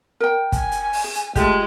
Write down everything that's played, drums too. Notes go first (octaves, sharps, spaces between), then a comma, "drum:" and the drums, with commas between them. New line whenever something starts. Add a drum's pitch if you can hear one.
A#4 G5
G#5, drum: kick, hi-hat
drum: hi-hat
drum: open hi-hat
G#4
drum: hi-hat
G#3 A3 F4 G4, drum: kick, hi-hat